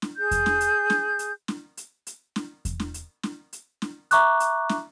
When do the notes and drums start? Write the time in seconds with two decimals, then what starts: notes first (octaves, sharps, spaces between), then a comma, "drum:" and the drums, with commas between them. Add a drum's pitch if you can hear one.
0.02 drum: snare
0.17 G#4 G6
0.31 drum: kick E2, hi-hat
0.46 drum: snare
0.61 drum: hi-hat
0.90 drum: snare
1.19 drum: hi-hat
1.48 drum: snare
1.77 drum: hi-hat
2.07 drum: hi-hat
2.36 drum: snare
2.65 drum: kick E2, hi-hat
2.80 drum: snare
2.94 drum: hi-hat
3.23 drum: snare
3.53 drum: hi-hat
3.82 drum: snare
4.11 E5 A#5 C#6 D6 F#6, drum: hi-hat
4.40 drum: hi-hat
4.69 drum: snare